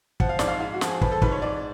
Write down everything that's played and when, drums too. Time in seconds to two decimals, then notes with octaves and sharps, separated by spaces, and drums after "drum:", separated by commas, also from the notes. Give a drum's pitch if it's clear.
0.20 F3 F#5, drum: kick
0.29 F5
0.39 G#2 D5, drum: snare
0.48 F5
0.60 G#2 F5
0.74 F#4
0.81 F3, drum: snare
0.88 G#4
1.01 F3 B4, drum: kick
1.12 A4
1.22 G#2 B4, drum: kick
1.32 C#5
1.42 G#2 D5